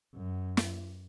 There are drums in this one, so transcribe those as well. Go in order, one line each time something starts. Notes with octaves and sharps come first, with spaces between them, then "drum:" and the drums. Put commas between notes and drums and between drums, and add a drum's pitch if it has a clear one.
F#2
drum: snare